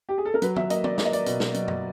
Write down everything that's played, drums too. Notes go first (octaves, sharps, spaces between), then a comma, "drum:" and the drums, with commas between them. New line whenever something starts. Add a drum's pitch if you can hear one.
G4
G#4
A4
A#4
F#3 B4, drum: hi-hat
E5, drum: tom
A#3 D#5, drum: hi-hat
D5, drum: tom
A#3 D5, drum: snare
D#5
D5, drum: hi-hat
B2, drum: hi-hat
drum: snare
F#3, drum: hi-hat
drum: tom F#2